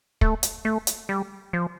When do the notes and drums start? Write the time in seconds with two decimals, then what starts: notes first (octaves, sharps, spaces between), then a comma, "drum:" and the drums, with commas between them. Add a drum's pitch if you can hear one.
0.21 A3, drum: kick
0.43 drum: hi-hat
0.65 A3
0.87 drum: hi-hat
1.09 G3
1.53 F3